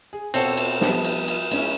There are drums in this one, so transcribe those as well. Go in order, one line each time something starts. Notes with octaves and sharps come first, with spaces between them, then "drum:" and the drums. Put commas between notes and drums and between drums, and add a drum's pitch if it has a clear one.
G#4
B2 C4 A4 C#5 F#5, drum: cymbal
drum: cymbal
F3 G3 B3, drum: snare
drum: cymbal
drum: cymbal
G#3 C#4 E4, drum: cymbal